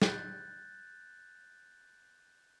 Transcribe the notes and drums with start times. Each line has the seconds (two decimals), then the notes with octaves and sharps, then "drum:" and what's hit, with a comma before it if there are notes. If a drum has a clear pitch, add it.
0.02 F#6 G6 A6, drum: snare